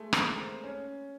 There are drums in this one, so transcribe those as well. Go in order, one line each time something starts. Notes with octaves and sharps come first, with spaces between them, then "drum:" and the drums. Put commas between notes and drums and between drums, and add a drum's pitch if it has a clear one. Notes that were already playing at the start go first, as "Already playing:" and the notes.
Already playing: G#3 A3
A#3, drum: rim click
C4
C#4